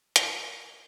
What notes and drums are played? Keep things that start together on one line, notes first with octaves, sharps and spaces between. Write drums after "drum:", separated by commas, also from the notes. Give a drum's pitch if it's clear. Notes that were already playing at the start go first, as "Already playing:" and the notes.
A#4 A#5, drum: hi-hat